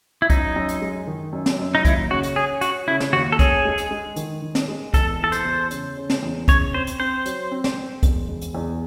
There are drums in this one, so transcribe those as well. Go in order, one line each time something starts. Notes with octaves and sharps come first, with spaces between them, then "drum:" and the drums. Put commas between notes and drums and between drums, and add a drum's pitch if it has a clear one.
E4
F#2 D#4, drum: kick, hi-hat
F#2
drum: hi-hat
G#3
D#3
F#2
drum: snare
F#2
D#4
D#2 E4, drum: kick, hi-hat
C#3 F#4
drum: hi-hat
C#4 G#4
C#4 F#4, drum: hi-hat
C#3 E4
drum: snare
D#2 F#4
A4
C#4 G#4, drum: kick, hi-hat
G#3
drum: hi-hat
G#3
D#3, drum: hi-hat
D#3
drum: snare
G#3
E2 A4, drum: kick, hi-hat
E3 A4
C5, drum: hi-hat
E2
C#3, drum: hi-hat
C#3
drum: snare
E2
C#3 C#5, drum: kick, hi-hat
C4 C5
drum: hi-hat
C4 C5
F#3, drum: hi-hat
C4
drum: snare
C4
E1, drum: kick, hi-hat
E1
drum: hi-hat
E2